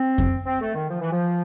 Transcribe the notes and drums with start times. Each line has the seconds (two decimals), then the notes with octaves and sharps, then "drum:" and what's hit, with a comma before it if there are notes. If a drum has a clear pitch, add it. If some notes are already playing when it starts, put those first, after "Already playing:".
Already playing: C4
0.18 drum: kick F2
0.46 C4
0.61 A3
0.74 D#3
0.90 F3
1.01 E3
1.12 F3